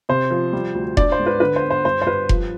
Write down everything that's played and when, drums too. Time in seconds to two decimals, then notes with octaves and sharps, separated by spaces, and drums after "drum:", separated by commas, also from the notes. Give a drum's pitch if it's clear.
0.09 C3 C5
0.31 F3
0.53 G3
0.74 D2
0.97 D4 D5, drum: kick F1
1.12 C5
1.19 G#2
1.26 B4
1.40 D3 B4
1.56 C5
1.62 B3
1.70 C5
1.85 G2 C5
2.02 C5
2.06 G2 B4
2.29 F3, drum: kick F1